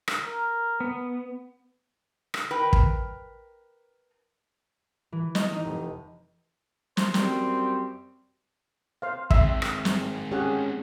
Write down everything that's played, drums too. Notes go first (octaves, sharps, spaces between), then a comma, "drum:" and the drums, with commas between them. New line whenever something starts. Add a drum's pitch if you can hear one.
drum: rim click
A#4
B3
drum: rim click
A#4 B4 G5
drum: kick
E3
D#5, drum: snare
D#4
F1
C5, drum: snare
F#2 G3 C4, drum: snare
C5 F5
G#3 C4 E5, drum: kick
drum: rim click
drum: snare
C#4 G4 G#4 F#5